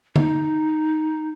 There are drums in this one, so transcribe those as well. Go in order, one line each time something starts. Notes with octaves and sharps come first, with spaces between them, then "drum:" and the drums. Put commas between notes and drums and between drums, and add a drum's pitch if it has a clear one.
D#4, drum: tom D3